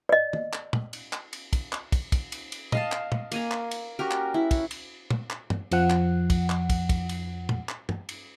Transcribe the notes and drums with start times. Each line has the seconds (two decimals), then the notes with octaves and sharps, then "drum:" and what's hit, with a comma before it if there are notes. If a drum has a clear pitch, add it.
0.09 D5 D#5
0.33 drum: tom
0.53 drum: clap
0.73 drum: tom
0.93 drum: cymbal
1.13 drum: clap
1.33 drum: cymbal
1.53 drum: kick, cymbal
1.72 drum: clap
1.92 drum: kick, cymbal
2.12 drum: kick, cymbal
2.32 drum: cymbal
2.52 drum: cymbal
2.72 D#5 F5 A5, drum: tom
2.92 drum: clap
3.12 drum: tom
3.32 A#3 G#5 A#5, drum: cymbal
3.51 drum: clap
3.71 drum: cymbal
3.99 C#4 F#4 G4 A#4
4.11 drum: clap
4.34 E4
4.51 drum: kick, cymbal
4.71 drum: cymbal
5.10 drum: tom
5.30 drum: clap
5.50 drum: tom
5.71 F2 F3 F#5, drum: cymbal
5.90 drum: clap
6.30 drum: kick, cymbal
6.50 drum: clap
6.70 drum: kick, cymbal
6.89 drum: kick, cymbal
7.09 drum: cymbal
7.49 drum: tom
7.69 drum: clap
7.89 drum: tom
8.09 drum: cymbal